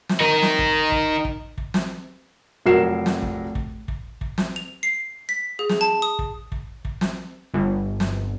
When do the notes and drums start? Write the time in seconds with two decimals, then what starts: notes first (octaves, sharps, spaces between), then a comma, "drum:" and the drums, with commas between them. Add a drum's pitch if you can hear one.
0.09 drum: snare
0.20 D#4 A#4
0.42 drum: snare
0.59 drum: kick
0.92 drum: kick
1.25 drum: kick
1.58 drum: kick
1.74 drum: snare
2.66 F1 F#3 A#4 C7 E7
3.06 drum: snare
3.22 drum: kick
3.55 drum: kick
3.88 drum: kick
4.21 drum: kick
4.38 drum: snare
4.56 F7
4.83 C7
5.29 B6
5.59 G#4
5.69 drum: snare
5.81 A5
6.02 D#6
6.19 drum: kick
6.52 drum: kick
6.85 drum: kick
7.01 drum: snare
7.54 G1
8.00 drum: snare